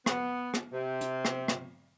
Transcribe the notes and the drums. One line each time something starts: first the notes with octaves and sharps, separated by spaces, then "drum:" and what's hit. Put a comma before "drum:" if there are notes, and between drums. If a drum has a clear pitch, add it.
B3, drum: rim click
drum: rim click
C3
drum: hi-hat
drum: rim click
drum: rim click